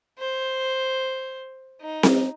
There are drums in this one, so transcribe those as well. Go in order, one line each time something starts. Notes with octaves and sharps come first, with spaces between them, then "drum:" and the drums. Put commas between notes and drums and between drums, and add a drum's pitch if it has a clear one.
C5
D#4
drum: snare C4